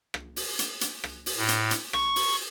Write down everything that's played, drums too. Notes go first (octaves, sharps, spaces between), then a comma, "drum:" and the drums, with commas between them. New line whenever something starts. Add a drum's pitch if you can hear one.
drum: rim click
drum: open hi-hat
drum: hi-hat
drum: hi-hat
drum: rim click
drum: open hi-hat
A2
drum: hi-hat
drum: hi-hat
C#6, drum: rim click
drum: open hi-hat